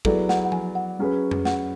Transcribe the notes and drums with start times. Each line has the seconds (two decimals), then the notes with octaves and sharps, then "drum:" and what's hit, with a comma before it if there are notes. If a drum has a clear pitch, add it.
0.05 F#3 B3 E4 G#4 A4 D5, drum: kick
0.29 F#5, drum: snare
0.45 F#5
0.52 G#5, drum: tom F3
0.75 F#5
0.99 F#3 C#4 G#4 B4
1.31 drum: tom F2
1.45 F#5, drum: snare